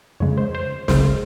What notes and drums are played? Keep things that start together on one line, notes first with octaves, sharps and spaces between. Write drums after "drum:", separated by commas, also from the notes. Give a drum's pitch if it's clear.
F2 C#3 G#3 C#5
C5
C5
C#2 C#3 G#3 C5, drum: snare